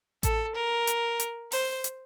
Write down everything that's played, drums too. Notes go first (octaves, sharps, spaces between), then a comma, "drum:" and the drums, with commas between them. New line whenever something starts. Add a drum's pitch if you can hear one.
A4, drum: kick A1, hi-hat
A#4
drum: hi-hat
drum: hi-hat
C5, drum: open hi-hat
drum: hi-hat